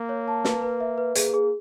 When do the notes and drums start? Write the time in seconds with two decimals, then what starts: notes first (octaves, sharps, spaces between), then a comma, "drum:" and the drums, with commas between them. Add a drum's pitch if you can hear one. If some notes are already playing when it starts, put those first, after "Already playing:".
Already playing: A#3
0.09 C#5
0.28 A5
0.45 B4, drum: snare
0.62 B4
0.80 E5
0.98 B4
1.15 A#3 G#4, drum: hi-hat
1.34 G#4